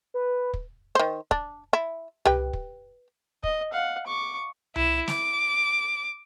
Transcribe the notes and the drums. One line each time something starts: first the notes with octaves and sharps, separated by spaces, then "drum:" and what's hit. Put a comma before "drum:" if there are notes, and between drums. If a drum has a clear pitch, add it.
B4
drum: kick
D#3 C5
D4, drum: kick
E4
G4 B4 G5, drum: tom C2
drum: kick
D#5, drum: kick
F5 F#5
C#6 D6
E4 E7, drum: tom C2
D6, drum: snare